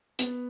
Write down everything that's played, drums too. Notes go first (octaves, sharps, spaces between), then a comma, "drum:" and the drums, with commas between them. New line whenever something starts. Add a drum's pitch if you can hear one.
B3, drum: hi-hat